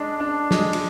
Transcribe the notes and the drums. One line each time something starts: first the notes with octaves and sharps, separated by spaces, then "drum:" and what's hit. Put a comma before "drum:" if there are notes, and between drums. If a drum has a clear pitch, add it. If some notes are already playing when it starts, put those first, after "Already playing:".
Already playing: G#3 D4
D4
G#3, drum: snare
drum: cymbal